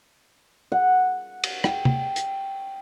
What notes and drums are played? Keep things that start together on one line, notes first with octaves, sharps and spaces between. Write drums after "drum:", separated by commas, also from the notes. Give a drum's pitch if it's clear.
F#5
drum: cymbal
G5, drum: rim click
drum: tom C3
drum: hi-hat